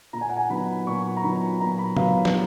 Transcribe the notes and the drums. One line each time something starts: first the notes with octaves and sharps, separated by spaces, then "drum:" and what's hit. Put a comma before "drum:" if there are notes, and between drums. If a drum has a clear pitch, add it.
A#2 A#5
G#5
F#5
G#5
F#3 B3 D#4 B5
A#2 C#6
A#5
F#3 B3 D#4 B5
A#2 A#5
B5
F#3 B3 D#4 F5, drum: tom C3
drum: snare